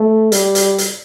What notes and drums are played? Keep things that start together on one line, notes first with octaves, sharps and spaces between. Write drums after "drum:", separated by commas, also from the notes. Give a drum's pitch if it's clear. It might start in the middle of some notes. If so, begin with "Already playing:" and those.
Already playing: A3
G3, drum: hi-hat
drum: hi-hat
drum: hi-hat